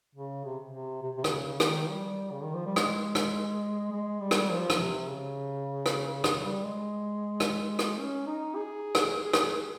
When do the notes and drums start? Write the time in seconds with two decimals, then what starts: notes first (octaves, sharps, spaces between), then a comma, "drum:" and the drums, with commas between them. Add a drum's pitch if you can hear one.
0.15 C#3
0.45 C3
0.69 C3
1.03 C3
1.17 C3
1.24 D#3, drum: rim click
1.31 C#3
1.60 D#3, drum: rim click
1.90 G3
2.32 C#3
2.43 D#3
2.54 F3
2.66 G3
2.76 G#3, drum: rim click
3.15 drum: rim click
3.93 G#3
4.21 G3
4.31 drum: rim click
4.51 F3
4.70 drum: rim click
4.79 C3
5.09 C#3
5.86 drum: rim click
6.24 C#3, drum: rim click
6.43 G3
6.64 G#3
7.40 drum: rim click
7.79 drum: rim click
7.98 C#4
8.27 D#4
8.56 G#4
8.95 drum: rim click
9.33 drum: rim click